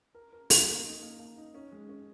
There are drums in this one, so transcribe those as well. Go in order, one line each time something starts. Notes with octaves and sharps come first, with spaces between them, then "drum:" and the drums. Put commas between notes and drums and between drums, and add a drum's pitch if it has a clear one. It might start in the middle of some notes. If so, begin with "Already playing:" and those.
A#4
A#4
A#4, drum: open hi-hat
A#3
D#4
A#3
A#3
D#4
C#4
G#3
C#4